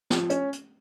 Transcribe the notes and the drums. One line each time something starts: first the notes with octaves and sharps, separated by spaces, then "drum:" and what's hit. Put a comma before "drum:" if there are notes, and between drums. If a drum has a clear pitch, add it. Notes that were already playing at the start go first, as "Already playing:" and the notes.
F3, drum: snare
C#4, drum: hi-hat
drum: hi-hat